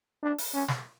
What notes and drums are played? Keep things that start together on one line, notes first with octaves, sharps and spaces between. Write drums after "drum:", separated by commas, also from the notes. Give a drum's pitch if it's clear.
D4
drum: open hi-hat
C#4
drum: snare